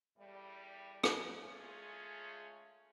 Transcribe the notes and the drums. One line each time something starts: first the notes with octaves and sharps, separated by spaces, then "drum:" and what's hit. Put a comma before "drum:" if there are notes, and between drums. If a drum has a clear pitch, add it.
E2 A2 G3
drum: rim click
G#3 A3 C#4 F4 G#4